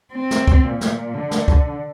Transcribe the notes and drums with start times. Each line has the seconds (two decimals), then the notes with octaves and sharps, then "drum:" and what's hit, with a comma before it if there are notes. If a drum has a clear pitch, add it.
0.14 C4
0.31 drum: snare
0.48 drum: kick
0.65 A#2
0.81 drum: snare
1.15 D3
1.31 drum: snare
1.48 drum: kick